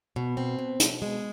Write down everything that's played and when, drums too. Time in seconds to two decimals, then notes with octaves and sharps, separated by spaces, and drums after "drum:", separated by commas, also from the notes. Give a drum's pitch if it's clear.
0.16 B2
0.37 C4
0.59 B2
0.80 B2, drum: hi-hat
1.02 G#3